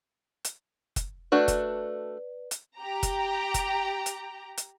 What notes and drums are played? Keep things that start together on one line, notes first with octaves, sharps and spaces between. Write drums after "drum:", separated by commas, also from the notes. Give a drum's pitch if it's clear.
drum: hi-hat
drum: kick, hi-hat
A3 D4 F#4 B4 D5
drum: kick, hi-hat
drum: hi-hat
G4 A#5
drum: kick, hi-hat
drum: kick, hi-hat
drum: hi-hat
drum: hi-hat